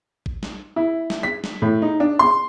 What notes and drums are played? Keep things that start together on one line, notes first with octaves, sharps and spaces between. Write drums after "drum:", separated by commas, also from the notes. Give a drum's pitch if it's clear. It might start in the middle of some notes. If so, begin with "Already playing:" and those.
drum: kick A1
drum: snare
E4
drum: snare
B6
drum: snare
A2
D#4
D4
C6